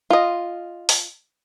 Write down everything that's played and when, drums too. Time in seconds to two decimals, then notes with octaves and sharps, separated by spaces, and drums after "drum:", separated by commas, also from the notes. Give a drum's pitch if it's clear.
0.10 F4 D#5
0.89 drum: open hi-hat